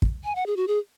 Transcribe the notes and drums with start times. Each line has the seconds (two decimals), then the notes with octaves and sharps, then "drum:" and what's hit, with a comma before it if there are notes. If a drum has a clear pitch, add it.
0.02 drum: kick
0.24 G#5
0.35 F#5
0.46 G#4
0.56 F#4
0.67 G#4